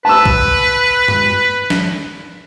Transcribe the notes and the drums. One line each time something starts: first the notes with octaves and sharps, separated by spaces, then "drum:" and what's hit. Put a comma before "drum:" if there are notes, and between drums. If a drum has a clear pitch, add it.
B4 A5 E6
drum: kick B1
drum: tom F#2
drum: snare